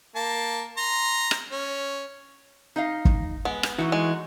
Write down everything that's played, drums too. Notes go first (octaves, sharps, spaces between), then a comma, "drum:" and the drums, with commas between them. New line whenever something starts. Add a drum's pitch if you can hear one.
A#3 A5
A#5 C6
drum: rim click
C#4
D#4 D#5 F5
drum: kick
G#3 B3
drum: rim click
E3 A3 D#4 F#4
G#3